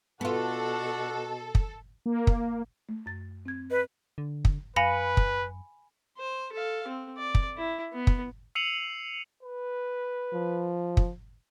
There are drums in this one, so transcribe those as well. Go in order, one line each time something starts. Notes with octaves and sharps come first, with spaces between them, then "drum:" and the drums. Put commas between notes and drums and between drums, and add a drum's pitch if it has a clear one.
B2 B3 D4 F4 F#4 A4 F#5
drum: kick
A#3
drum: kick
A3
F#2 A6
C4 G#6
B4 D#5
D3
drum: kick
F#2 B4 F5 G#5 B5 A#6 C#7
drum: kick
C5
A4 F5
C4
D5
drum: kick
E4
B3
drum: kick
E6 C7 C#7 D#7 F7 F#7
B4
F3
drum: kick